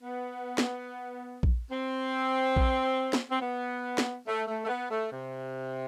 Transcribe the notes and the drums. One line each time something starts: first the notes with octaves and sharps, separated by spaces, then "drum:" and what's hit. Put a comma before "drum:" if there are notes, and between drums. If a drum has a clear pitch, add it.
B3
drum: snare
drum: kick A#1
C4
drum: kick A#1
drum: snare
C4
B3
drum: snare
A3
A3
A3
B3
A3
C3